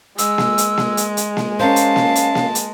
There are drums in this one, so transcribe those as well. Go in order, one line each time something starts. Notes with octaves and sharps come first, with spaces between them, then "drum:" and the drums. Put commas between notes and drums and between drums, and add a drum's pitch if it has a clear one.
G#3 E6, drum: hi-hat
drum: snare A#3
drum: hi-hat
drum: snare A#3
drum: hi-hat
drum: hi-hat
drum: snare A#3
C#4 A#4 C5 F5 A5
drum: hi-hat
drum: snare A#3
drum: hi-hat
drum: snare A#3
drum: hi-hat